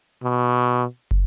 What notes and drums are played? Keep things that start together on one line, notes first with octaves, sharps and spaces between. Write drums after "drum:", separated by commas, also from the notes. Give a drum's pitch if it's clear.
B2
drum: kick